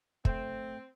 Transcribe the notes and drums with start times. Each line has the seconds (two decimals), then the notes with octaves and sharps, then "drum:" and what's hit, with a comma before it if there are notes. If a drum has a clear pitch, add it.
0.25 A3 C4 C5 G5, drum: kick